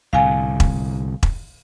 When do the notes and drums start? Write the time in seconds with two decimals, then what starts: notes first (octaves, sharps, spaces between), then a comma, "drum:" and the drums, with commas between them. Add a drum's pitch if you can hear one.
0.13 C2 A2 D3 F5 G#5
0.60 drum: kick E1
1.23 drum: kick E1